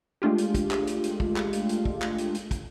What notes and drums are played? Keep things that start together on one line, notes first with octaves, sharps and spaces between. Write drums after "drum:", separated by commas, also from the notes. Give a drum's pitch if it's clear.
G#3 A3 D4 F4 G4
drum: hi-hat
drum: kick, hi-hat
drum: clap
drum: hi-hat
drum: hi-hat
drum: kick
drum: clap
drum: hi-hat
drum: hi-hat
drum: kick
drum: clap
drum: hi-hat
drum: hi-hat
drum: kick, hi-hat